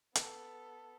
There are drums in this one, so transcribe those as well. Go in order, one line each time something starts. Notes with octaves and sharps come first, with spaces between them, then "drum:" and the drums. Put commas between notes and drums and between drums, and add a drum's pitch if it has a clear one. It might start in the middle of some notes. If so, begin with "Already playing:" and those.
B3 A4, drum: hi-hat